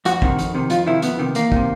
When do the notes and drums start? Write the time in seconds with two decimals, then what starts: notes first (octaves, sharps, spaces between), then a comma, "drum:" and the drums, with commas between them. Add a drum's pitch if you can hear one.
0.05 F2 F#4, drum: hi-hat
0.22 C3 D#3, drum: kick
0.39 F2, drum: hi-hat
0.55 C3 D#3
0.70 F2 F4, drum: hi-hat
0.87 C3 D#3 E4
1.02 F2 B3, drum: hi-hat
1.19 C3 D#3
1.35 E2 A#3, drum: hi-hat
1.52 C3 D#3, drum: kick